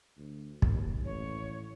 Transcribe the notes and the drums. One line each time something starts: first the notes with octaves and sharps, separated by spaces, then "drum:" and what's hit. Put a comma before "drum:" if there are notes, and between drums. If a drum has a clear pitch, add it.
D2
D#2, drum: kick
A1 C#5